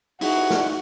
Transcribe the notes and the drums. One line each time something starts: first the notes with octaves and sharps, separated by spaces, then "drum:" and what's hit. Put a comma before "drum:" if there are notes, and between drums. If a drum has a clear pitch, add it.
D#4 E4 F#4 G#4, drum: open hi-hat
drum: snare